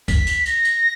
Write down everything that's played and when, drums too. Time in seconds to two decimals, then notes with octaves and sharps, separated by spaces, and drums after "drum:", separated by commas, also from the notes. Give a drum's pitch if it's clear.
0.08 B6, drum: kick, tambourine
0.27 drum: tambourine
0.46 A#6, drum: tambourine
0.65 drum: tambourine